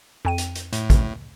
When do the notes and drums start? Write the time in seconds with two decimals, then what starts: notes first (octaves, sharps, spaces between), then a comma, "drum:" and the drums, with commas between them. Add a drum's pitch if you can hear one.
0.25 F2 G5 D#7
0.38 drum: hi-hat
0.55 drum: hi-hat
0.73 A2, drum: hi-hat
0.90 drum: kick, hi-hat